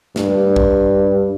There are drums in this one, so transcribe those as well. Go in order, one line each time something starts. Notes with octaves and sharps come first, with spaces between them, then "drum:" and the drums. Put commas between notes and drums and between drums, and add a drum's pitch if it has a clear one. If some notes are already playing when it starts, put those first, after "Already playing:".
G2, drum: snare
drum: kick